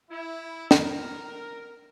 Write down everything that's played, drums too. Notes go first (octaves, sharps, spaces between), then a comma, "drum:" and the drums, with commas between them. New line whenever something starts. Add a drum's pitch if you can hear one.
E4
A#4, drum: snare